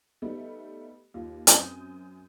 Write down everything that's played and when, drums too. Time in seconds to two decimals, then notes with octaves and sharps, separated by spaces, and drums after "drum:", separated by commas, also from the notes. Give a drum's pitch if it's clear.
0.22 G3 A3 B3 D#4
1.14 D#2 F4
1.47 F#2 C4 D#6 G6, drum: hi-hat